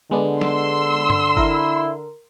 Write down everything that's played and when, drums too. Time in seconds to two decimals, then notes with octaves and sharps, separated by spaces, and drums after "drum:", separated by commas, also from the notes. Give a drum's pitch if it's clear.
0.11 D3 G#3 B3 D4
0.41 C6 E6, drum: snare
1.10 drum: tom G2
1.37 E4 A#4, drum: kick G1